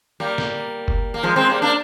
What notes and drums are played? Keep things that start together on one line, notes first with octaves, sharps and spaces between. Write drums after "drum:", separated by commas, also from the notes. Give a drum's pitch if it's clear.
G3 A#3
drum: snare
drum: kick F#1
A#3
F3 G#3
G#3 C4
G3 A#3
A#3 D4